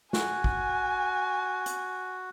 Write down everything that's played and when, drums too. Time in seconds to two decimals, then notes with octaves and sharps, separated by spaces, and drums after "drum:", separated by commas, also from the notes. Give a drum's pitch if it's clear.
0.13 F#4 G#5, drum: snare
0.44 drum: kick
1.66 drum: hi-hat